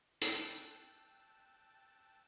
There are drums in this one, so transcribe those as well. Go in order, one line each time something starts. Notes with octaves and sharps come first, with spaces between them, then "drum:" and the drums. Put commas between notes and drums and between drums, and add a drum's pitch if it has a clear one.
G5 A5 E6 F#6 A6, drum: hi-hat